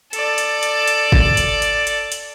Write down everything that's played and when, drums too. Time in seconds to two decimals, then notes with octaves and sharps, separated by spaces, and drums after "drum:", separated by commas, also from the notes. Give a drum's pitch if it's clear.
0.13 A4 D5, drum: hi-hat
0.38 drum: hi-hat
0.63 drum: hi-hat
0.88 drum: hi-hat
1.12 drum: kick
1.37 drum: hi-hat
1.62 drum: hi-hat
1.87 drum: hi-hat
2.12 drum: hi-hat